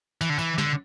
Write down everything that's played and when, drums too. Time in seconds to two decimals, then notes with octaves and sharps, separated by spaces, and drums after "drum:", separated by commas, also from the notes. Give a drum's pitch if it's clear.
0.21 E3, drum: tambourine
0.30 D3
0.39 E3, drum: tambourine
0.58 D3, drum: snare